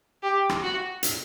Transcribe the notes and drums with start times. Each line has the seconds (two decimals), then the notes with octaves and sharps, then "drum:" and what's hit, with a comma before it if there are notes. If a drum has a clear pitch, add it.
0.23 G4
0.49 drum: rim click
0.63 F#4
1.03 drum: hi-hat